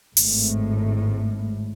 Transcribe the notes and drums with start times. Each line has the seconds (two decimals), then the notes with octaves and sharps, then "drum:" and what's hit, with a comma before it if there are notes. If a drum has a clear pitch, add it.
0.17 G#1 A2, drum: open hi-hat